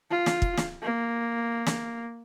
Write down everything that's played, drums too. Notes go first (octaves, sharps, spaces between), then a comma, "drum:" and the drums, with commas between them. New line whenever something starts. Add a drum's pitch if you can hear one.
F4
drum: snare
drum: kick
drum: snare
A#3
drum: snare